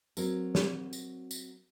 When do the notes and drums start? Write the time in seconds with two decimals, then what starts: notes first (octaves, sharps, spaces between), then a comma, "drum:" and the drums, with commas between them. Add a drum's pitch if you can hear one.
0.17 F#3 C4 A#4, drum: tambourine
0.55 drum: snare
0.93 drum: tambourine
1.31 drum: tambourine